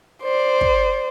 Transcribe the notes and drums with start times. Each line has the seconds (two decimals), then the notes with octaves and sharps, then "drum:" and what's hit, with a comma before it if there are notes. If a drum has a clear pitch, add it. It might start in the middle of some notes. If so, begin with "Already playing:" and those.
0.22 C5 D5
0.61 drum: kick